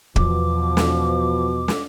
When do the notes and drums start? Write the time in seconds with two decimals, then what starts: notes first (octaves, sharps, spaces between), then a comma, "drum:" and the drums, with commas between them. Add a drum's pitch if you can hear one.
0.16 E2 B2 F3 D6, drum: kick
0.77 drum: snare
1.68 drum: snare